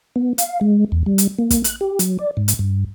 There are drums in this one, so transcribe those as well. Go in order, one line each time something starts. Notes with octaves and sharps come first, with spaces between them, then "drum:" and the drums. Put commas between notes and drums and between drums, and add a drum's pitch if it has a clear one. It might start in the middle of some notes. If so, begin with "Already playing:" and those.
B3
F5, drum: hi-hat
G#3
E2
G3
drum: hi-hat
A#3
drum: kick, hi-hat
F#6, drum: hi-hat
G4
F#3, drum: hi-hat
D5
G#2
drum: hi-hat
G2